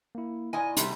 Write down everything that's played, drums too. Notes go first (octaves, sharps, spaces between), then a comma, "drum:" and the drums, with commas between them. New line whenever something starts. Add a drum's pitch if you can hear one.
A#3 E4
A#2 E4 D5 D#5 G#5
C3 G3 A3 B5 C6, drum: hi-hat